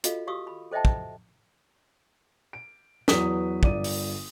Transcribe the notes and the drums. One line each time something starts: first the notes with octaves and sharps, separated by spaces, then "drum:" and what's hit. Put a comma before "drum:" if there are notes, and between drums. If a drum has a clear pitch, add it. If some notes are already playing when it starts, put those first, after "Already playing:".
F4 F#4 A4 D#5 F5, drum: hi-hat
F#4 G4 F5 C#6 D#6 E6
B5
A4 C5 D#5 E5 G5 A5
drum: kick
D7
E2 F#3 B4 D#6 B6, drum: snare
G1 D5 D#7, drum: kick
drum: open hi-hat